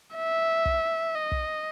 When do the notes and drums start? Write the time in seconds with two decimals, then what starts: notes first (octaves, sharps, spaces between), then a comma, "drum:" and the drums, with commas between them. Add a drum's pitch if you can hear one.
0.15 E5
0.65 drum: kick
1.15 D#5
1.32 drum: kick